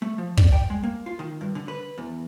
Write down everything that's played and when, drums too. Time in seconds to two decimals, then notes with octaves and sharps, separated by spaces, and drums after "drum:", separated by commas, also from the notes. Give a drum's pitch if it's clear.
0.02 A3
0.18 F3
0.37 D5, drum: kick
0.52 G5
0.70 G#3
0.83 A#3
1.06 F4
1.19 D#3
1.41 G2
1.55 D3
1.68 B4
1.98 E2